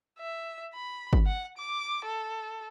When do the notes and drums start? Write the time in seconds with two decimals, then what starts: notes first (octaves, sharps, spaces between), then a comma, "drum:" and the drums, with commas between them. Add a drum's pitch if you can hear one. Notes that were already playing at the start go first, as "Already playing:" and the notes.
0.19 E5
0.74 B5
1.13 drum: kick G1
1.26 F#5
1.57 D6
2.05 A4